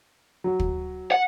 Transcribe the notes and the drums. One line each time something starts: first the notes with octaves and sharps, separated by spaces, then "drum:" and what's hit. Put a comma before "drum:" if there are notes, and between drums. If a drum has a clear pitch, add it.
F#3 F#4
drum: kick
F#5